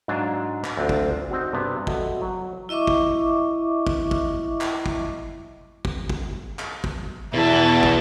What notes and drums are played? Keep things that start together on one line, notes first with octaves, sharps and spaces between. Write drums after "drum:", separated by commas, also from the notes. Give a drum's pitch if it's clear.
G#2 F#3 D4 F5 G#5 A5
drum: clap
D2 C4 D4 F4
drum: kick
C4 D#4 F#4
G2 C3 B3
F#4 A4 D#5 E5, drum: kick
F#3
E4 D#5 E5 C#6 D6
drum: kick
drum: kick
drum: kick
drum: clap
drum: kick
drum: kick
drum: kick
drum: clap
drum: kick
E2 B2 E4 A5
drum: kick